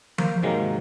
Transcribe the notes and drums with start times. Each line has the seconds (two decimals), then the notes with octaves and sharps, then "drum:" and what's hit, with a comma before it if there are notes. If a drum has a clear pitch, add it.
0.18 A#3 C5, drum: tom F3
0.42 G#2 C3 D#3 F#3 G#3 A#3